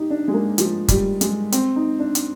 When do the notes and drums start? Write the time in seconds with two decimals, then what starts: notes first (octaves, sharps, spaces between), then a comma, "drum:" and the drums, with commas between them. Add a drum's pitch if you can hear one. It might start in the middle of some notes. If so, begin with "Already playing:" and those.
Already playing: D#4 G4
0.10 D4
0.28 G#3
0.34 A#3
0.58 F3, drum: hi-hat
0.88 G3, drum: kick, hi-hat
1.21 G#3, drum: hi-hat
1.52 C4, drum: hi-hat
1.76 D#4
1.99 D4
2.15 drum: hi-hat